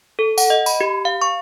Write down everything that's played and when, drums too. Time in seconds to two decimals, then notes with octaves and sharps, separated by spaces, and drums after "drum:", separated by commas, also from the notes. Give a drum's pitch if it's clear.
0.19 A4
0.38 F#5, drum: tambourine
0.50 D#5
0.66 B5, drum: tambourine
0.81 G4
1.05 F5
1.22 C#6